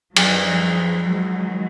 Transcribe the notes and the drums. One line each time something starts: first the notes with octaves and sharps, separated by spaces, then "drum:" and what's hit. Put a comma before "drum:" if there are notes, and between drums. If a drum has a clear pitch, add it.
F#2 D#3 F#3, drum: cymbal
F3 G3
F#3 G#3
D#3